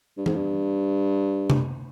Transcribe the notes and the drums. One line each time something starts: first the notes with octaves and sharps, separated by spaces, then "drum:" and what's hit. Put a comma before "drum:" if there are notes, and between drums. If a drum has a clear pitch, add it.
G2
G#2, drum: tom E3
G2
drum: tom C3